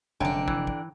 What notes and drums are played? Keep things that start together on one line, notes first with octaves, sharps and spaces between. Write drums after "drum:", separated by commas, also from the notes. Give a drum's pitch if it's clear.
F1 F#2 D3 D4 G5 A#5
E3, drum: kick
drum: kick